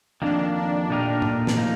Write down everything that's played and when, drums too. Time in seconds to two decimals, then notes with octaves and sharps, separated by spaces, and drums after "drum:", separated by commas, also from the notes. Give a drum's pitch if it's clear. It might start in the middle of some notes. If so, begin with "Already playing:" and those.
0.22 F2 D#3 A#3 D4
0.55 D4
0.90 A#2 A3 D#4 G4 A#4
1.22 drum: tom A2
1.47 drum: snare
1.57 A2 F3 A#3 D#4